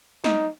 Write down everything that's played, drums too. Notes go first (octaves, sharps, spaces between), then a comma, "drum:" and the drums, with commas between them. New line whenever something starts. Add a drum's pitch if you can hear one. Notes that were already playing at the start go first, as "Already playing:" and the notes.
D#4, drum: snare